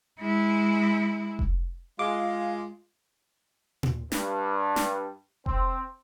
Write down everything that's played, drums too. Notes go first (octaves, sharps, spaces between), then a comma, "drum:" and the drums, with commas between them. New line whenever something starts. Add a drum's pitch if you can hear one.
G#3 E4
drum: kick F1
G#3 F4 F5 D6
drum: tom A#2
G2, drum: snare
drum: snare
C4, drum: kick F1